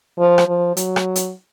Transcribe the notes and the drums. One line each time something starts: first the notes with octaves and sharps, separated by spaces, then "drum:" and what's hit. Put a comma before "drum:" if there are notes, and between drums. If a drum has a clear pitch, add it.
F3
drum: rim click
F3
F#3, drum: hi-hat
drum: rim click
drum: hi-hat